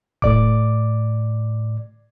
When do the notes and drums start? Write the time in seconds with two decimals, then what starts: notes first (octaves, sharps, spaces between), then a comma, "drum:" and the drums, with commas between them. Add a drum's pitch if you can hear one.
0.22 A2 D5 D6, drum: kick D#1